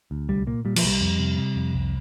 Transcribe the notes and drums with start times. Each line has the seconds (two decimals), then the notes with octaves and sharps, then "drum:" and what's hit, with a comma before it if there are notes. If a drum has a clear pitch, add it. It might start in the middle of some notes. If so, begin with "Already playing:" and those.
0.11 D2
0.28 C2 G3
0.47 A#2 A#3
0.65 A#2 G3
0.76 F3, drum: cymbal
0.83 C2 G3
1.01 F2
1.19 C3
1.37 C3
1.56 F2
1.74 C2